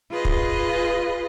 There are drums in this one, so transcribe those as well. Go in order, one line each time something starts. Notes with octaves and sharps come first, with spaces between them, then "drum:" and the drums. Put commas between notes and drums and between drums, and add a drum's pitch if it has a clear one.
F4 G#4 B4 D#5
drum: kick